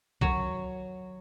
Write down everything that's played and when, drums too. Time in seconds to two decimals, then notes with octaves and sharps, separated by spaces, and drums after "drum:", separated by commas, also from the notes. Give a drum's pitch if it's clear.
0.21 F#3, drum: kick B1